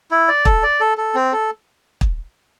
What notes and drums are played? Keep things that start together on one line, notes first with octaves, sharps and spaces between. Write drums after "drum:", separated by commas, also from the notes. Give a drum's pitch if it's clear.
E4
D5
A4, drum: kick
D5
A4
A4
C4
A4
drum: kick